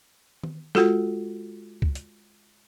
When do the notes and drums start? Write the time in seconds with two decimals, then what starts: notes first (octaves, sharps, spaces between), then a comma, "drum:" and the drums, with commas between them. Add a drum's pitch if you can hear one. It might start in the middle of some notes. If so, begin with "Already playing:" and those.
0.43 drum: tom D#3
0.75 G#3 F4 F#4 A4, drum: snare
1.82 drum: kick C#2
1.95 drum: hi-hat